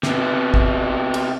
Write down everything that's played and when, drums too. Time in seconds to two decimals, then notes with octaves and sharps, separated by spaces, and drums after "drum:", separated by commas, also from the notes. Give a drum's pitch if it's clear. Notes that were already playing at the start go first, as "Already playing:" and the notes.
0.03 C3 B3, drum: snare
0.54 drum: kick
1.14 drum: cymbal